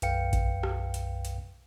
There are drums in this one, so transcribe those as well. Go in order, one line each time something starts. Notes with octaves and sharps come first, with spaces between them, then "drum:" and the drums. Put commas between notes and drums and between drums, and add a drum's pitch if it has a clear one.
B1 F#2 B4 F5 G5 C#7, drum: hi-hat
drum: kick A1, hi-hat
drum: rim click
drum: hi-hat
drum: hi-hat